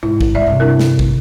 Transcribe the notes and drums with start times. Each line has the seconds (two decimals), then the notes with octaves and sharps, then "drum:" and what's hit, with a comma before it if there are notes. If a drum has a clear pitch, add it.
0.03 G#2 E4
0.21 drum: kick
0.35 G3 D5 E5
0.47 G2 C3
0.60 D4 E4 A#4
0.80 drum: snare
0.99 drum: kick